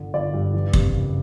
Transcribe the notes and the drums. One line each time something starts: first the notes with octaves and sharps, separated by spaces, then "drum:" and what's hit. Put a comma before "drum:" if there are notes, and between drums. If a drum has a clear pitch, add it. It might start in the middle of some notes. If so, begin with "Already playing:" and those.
Already playing: G1 D3
G1 D5
G2
E3
C3, drum: kick
F#1